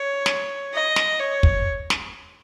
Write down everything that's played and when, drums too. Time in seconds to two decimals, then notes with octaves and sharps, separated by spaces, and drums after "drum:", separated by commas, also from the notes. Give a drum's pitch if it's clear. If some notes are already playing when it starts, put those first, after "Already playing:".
Already playing: C#5
0.26 drum: snare
0.73 D#5
0.96 drum: snare
1.20 C#5
1.43 drum: kick
1.90 drum: snare